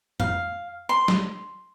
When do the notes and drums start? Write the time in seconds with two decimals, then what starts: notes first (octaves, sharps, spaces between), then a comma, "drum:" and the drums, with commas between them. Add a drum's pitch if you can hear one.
0.20 F5, drum: tom F2
0.89 C6
1.08 drum: snare